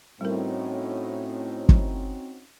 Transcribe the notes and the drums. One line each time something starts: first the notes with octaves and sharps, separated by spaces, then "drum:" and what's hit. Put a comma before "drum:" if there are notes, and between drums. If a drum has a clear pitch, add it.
A2 G3 C4 C#4 D#4 F#4 A#4
drum: kick